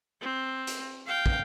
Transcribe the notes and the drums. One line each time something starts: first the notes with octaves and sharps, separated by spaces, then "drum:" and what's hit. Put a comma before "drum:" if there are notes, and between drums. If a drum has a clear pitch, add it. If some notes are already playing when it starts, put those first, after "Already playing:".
C4
drum: hi-hat
F5 G5
drum: kick